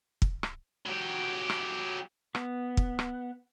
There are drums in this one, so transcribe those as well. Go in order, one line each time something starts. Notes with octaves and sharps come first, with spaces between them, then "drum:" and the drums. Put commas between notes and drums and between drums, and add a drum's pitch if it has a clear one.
drum: kick
drum: rim click
F#3 G4
drum: rim click
B3, drum: rim click
drum: kick
drum: rim click